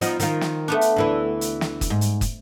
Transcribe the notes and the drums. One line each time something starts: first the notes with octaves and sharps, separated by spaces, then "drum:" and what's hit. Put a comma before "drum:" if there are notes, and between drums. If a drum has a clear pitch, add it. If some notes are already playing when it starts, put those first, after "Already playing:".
F3 B3 D#4, drum: hi-hat
D#3 F4, drum: hi-hat
drum: snare
A3 B3 D4
drum: hi-hat
D2 E3 B4
drum: hi-hat
drum: snare
drum: kick, hi-hat
G#2
drum: hi-hat
drum: kick, hi-hat